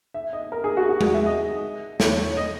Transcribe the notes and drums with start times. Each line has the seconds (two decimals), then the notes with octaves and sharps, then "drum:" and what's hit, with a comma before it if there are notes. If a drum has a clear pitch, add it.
0.14 E5
0.33 D#5
0.52 A#4
0.64 G#4
0.77 F#4
0.89 F#4
1.01 G#4, drum: tom G#3
1.14 E5
1.26 D#5
2.00 C#5, drum: snare
2.18 C#5
2.37 D#5